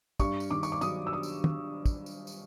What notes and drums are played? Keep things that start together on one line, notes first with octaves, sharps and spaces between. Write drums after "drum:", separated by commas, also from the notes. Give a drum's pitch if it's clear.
G2 C#6, drum: kick, tambourine
drum: tambourine
D#3 D6
C#6, drum: tambourine
D6
F#3 D#6, drum: tambourine
E6
D#6
drum: tambourine
drum: tom
drum: kick, tambourine
drum: tambourine
drum: tambourine